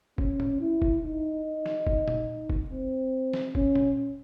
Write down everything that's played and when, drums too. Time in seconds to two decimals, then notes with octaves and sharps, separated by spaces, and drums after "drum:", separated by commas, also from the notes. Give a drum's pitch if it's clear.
0.18 C#4, drum: kick
0.40 drum: tom A2
0.60 E4
0.82 drum: kick
1.03 D#4
1.66 drum: snare
1.87 drum: kick
2.08 drum: tom A#2
2.50 drum: kick
2.70 C4
3.33 drum: snare
3.55 C#4, drum: kick
3.75 drum: tom A#2